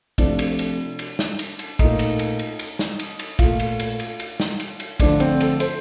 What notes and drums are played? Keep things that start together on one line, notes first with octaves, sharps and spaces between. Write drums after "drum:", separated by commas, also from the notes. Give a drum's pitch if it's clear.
C3 F3 A3 D4, drum: kick, cymbal
drum: cymbal
drum: cymbal
drum: cymbal
drum: snare
drum: cymbal
drum: cymbal
A#2 A3 D#4, drum: kick, cymbal
drum: cymbal
drum: cymbal
drum: cymbal
drum: cymbal
drum: snare
drum: cymbal
drum: cymbal
A#2 A3 F4, drum: kick, cymbal
drum: cymbal
drum: cymbal
drum: cymbal
drum: cymbal
drum: snare
drum: cymbal
drum: cymbal
D3 F3 A3 D4, drum: kick, cymbal
C4, drum: cymbal
A4, drum: cymbal
C5, drum: cymbal